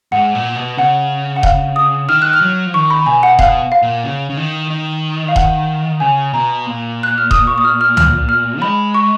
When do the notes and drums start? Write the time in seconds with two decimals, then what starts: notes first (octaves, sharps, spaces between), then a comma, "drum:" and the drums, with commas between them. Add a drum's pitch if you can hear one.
0.12 G#2 F#5
0.35 A#2
0.56 B2
0.77 C#3 F#5
1.36 F#5
1.43 F5, drum: kick D#1
1.76 D#6
2.08 D#3 F6
2.22 F#6
2.33 F6
2.41 F#3
2.66 F3
2.74 D#3 C#6
2.90 B5
3.06 B2 G#5
3.23 F#5
3.39 B2 F5, drum: kick D#1
3.72 F5
3.82 A#2
4.04 C#3
4.30 C#3
4.37 D#3
4.70 D#3
5.28 F5
5.36 F#5, drum: kick D#1
6.00 C#3 G#5
6.33 B2 A#5
6.66 A#2
7.03 F#6
7.18 F6
7.31 D#6, drum: kick D#1
7.47 C#6
7.58 D#6
7.64 F6
7.81 F6
7.97 F6, drum: tom
8.29 F6
8.61 G#3 B5
8.94 C#6